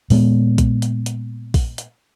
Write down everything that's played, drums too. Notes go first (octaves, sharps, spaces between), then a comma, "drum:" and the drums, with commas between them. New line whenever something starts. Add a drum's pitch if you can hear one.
A#2 G#3 B3, drum: open hi-hat
drum: kick A#1, hi-hat
drum: hi-hat
drum: hi-hat
drum: kick A#1, open hi-hat
drum: hi-hat